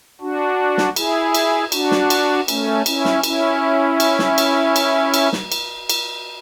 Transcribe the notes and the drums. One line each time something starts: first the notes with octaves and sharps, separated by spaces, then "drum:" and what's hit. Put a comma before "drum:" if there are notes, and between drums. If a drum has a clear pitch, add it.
D4 F#4
drum: snare
E4 G#4, drum: cymbal
drum: cymbal
D4 F#4, drum: cymbal
drum: snare
drum: cymbal
A3 C#4, drum: cymbal
C#4 E4, drum: cymbal
drum: snare
C#4 E4, drum: cymbal
drum: cymbal
drum: snare
drum: cymbal
drum: cymbal
drum: cymbal
drum: snare
drum: cymbal
drum: cymbal